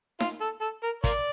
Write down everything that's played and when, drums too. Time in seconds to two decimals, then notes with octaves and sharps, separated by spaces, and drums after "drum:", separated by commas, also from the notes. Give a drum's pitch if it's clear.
0.20 F4, drum: snare D#4
0.41 A4
0.61 A4
0.83 A#4
1.04 F4 A#4 D5, drum: kick, hi-hat